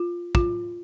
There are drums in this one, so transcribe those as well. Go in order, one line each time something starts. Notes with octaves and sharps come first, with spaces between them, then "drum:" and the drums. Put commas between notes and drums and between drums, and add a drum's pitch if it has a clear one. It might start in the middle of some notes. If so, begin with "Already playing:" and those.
Already playing: F4
F4, drum: kick